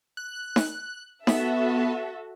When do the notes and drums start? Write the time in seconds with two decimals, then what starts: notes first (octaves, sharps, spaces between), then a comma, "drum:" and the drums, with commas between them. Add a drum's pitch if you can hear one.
0.17 F#6
0.56 drum: snare D#4
1.27 B3 F#4 A4 E5, drum: snare D#4